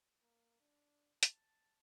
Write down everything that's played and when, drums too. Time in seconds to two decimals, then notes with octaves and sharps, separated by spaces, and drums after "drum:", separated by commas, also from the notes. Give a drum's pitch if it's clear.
0.22 A#3
0.61 D4
1.23 A5, drum: hi-hat